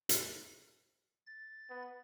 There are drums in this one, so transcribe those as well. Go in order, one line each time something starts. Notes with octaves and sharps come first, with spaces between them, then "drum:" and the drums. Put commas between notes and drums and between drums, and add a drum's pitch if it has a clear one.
drum: hi-hat
A6
B3